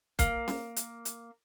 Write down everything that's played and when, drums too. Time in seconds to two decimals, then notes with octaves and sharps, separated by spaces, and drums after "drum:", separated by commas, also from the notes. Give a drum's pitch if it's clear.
0.19 A#3, drum: kick, hi-hat
0.48 drum: snare C#4
0.76 drum: hi-hat
1.05 drum: hi-hat